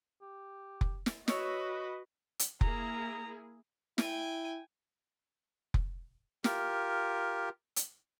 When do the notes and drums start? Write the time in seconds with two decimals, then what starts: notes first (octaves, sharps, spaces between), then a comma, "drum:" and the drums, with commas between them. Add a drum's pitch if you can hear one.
0.22 G4
0.81 drum: kick F1
1.06 drum: snare
1.28 F#4 B4 C#5 D#5 E6, drum: snare
2.39 drum: hi-hat
2.61 A#3 E4 G#4 A#5, drum: kick F1
3.98 E4 G5 G#5, drum: snare
5.74 drum: kick F1
6.44 F4 G4 A#4, drum: snare
7.76 drum: hi-hat